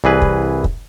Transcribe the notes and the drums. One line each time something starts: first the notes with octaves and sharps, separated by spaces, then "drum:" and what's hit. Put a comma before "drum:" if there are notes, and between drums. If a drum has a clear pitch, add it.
C2 E3 G#4 B4
drum: kick
drum: kick